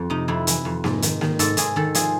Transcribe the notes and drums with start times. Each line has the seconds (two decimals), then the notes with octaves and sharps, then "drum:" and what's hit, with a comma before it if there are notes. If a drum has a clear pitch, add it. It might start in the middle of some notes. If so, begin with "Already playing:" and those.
Already playing: F2
0.10 C3 D#4
0.28 F2 E4
0.47 E3, drum: hi-hat
0.65 F2
0.84 G#2, drum: snare A#3
1.02 D#3, drum: hi-hat
1.21 D#3, drum: snare A#3
1.39 G#2 A4, drum: hi-hat
1.57 G#2 G#4, drum: hi-hat
1.76 D#3 A4
1.95 F3 G#4, drum: hi-hat